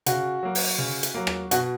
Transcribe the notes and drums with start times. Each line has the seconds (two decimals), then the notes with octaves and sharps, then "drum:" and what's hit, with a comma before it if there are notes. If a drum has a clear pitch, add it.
0.06 C#3 F#4, drum: hi-hat
0.43 F#3 A#3
0.55 drum: open hi-hat
0.78 C#3
1.03 drum: hi-hat
1.14 F#3 A#3
1.27 drum: rim click
1.51 B2 F#4, drum: hi-hat